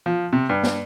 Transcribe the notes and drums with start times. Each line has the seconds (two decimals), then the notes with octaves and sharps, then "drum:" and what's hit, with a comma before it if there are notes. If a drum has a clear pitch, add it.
0.06 F3
0.33 C3
0.49 G2
0.63 drum: snare